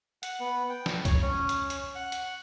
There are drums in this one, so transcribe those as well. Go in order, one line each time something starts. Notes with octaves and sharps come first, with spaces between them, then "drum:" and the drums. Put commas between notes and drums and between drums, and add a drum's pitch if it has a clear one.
F#5, drum: hi-hat
B3
G5
drum: snare
C#5, drum: kick, hi-hat
C#4
drum: hi-hat
drum: hi-hat
F#5
drum: hi-hat